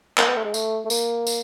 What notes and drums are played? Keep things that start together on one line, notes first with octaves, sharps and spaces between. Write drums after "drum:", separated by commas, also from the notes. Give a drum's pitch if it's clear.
A#3, drum: clap
B3
A3
G#3
A3, drum: tambourine
A3
A#3, drum: tambourine
drum: tambourine